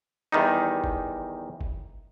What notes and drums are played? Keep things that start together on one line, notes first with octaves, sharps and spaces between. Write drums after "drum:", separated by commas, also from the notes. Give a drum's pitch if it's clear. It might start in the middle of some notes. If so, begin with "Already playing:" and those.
E2 D#3 G3 D#4
drum: kick G1
drum: kick G1